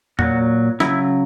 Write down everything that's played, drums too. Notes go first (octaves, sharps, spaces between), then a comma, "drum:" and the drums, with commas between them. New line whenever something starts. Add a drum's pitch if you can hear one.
A#2 F#3 F#4, drum: tom E2
C#3 F#3 E4, drum: snare